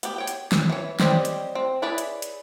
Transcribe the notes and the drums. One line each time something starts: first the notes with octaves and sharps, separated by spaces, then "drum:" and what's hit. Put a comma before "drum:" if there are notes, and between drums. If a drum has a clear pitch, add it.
B3 G4, drum: hi-hat
C#5 G5
drum: hi-hat
drum: snare
E3 C#5
G3 C4 G4 C#5 D#5, drum: snare
drum: hi-hat
C4
E4 G#4 B4 C#5 D5
drum: hi-hat
drum: hi-hat